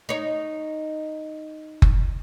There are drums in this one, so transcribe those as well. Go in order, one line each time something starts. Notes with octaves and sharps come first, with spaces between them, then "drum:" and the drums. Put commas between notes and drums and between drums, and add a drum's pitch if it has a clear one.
D#4 C#5
drum: kick F#1